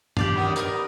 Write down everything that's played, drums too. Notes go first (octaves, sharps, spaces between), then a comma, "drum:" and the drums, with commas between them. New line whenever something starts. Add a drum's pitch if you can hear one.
D4 G4 D5 F5, drum: tom G2
F#2 D#3 B3
D#4 A#4 B4, drum: hi-hat